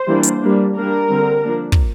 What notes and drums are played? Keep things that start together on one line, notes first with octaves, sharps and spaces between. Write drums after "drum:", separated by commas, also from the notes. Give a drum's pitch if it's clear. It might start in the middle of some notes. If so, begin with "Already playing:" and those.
Already playing: C5
E3 G3 A#3 D4
drum: hi-hat
G3 A#3 D4
G3 A#3 D4 A#4
D3 G3 C4
F3 A#3 D4
drum: kick